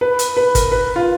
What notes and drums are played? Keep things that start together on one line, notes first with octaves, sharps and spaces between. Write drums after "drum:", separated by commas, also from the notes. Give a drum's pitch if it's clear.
B4
drum: hi-hat
B4
A#4, drum: kick, hi-hat
B4
F4